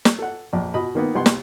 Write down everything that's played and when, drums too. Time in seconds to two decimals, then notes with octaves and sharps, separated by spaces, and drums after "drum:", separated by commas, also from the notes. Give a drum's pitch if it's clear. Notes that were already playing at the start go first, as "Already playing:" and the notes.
0.05 drum: snare
0.19 A4 F#5
0.53 A#1 F2
0.74 B2 D#5 B5
0.95 D#3 A#3 B3
1.15 C2 B3 F#5 C6
1.26 drum: snare